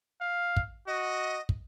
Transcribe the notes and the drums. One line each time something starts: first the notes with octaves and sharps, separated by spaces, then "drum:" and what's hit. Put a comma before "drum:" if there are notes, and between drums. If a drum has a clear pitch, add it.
F5
drum: kick
F#4 D#5
drum: kick